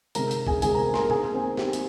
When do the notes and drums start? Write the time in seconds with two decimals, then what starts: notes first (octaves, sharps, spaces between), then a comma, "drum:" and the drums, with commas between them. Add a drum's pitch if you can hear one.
0.15 C3 D#3 G#3 A#4 A#5, drum: hi-hat
0.31 drum: hi-hat
0.47 G#4 G#5, drum: kick B1
0.62 C3 D#3 G#3 G#4 G#5, drum: hi-hat
0.74 A#4 A#5
0.94 C6, drum: snare
0.98 A#4 A#5
1.10 D#3 A#3 G#4 G#5, drum: tom B2
1.34 C4 C5
1.57 D#3 A#3 G4, drum: snare
1.73 drum: hi-hat